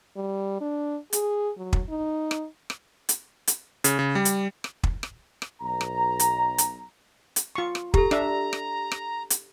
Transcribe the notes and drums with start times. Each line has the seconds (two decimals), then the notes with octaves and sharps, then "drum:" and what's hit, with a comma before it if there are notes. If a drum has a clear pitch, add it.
0.17 G3
0.61 D4
1.13 G#4, drum: hi-hat
1.58 F#3
1.73 drum: kick
1.89 D#4
2.31 drum: rim click
2.70 drum: rim click
3.09 drum: hi-hat
3.47 drum: hi-hat
3.84 C#3, drum: hi-hat
3.99 C#3
4.15 G3
4.25 drum: hi-hat
4.64 drum: rim click
4.83 drum: kick
5.03 drum: rim click
5.42 drum: rim click
5.61 B1 A#5
5.81 drum: rim click
6.19 drum: hi-hat
6.58 drum: hi-hat
7.36 drum: hi-hat
7.55 F4 C#6
7.75 drum: rim click
7.94 G4 A4 A#5, drum: kick
8.11 D4 E5, drum: rim click
8.53 drum: rim click
8.92 drum: rim click
9.30 drum: hi-hat